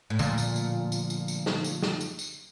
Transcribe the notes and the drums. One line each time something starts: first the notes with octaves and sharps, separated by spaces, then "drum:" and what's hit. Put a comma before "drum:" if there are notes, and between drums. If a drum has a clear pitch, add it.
A2
A#2 D3 F3 A3, drum: tambourine
drum: tambourine
drum: tambourine
drum: tambourine
drum: tambourine
drum: tambourine
drum: snare
drum: tambourine
drum: snare
drum: tambourine
drum: tambourine